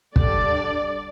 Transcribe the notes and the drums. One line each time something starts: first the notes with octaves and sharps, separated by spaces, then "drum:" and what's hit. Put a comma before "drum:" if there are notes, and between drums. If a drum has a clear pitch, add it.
D3 G3 D4 D5, drum: kick